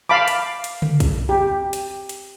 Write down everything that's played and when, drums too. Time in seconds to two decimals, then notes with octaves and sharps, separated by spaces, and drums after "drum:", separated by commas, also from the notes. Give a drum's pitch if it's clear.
0.09 F5 A5 B5 D6
0.28 drum: hi-hat
0.64 drum: hi-hat
0.82 drum: tom C#3
1.00 drum: kick A#1, hi-hat
1.29 G4
1.73 drum: hi-hat
2.09 drum: hi-hat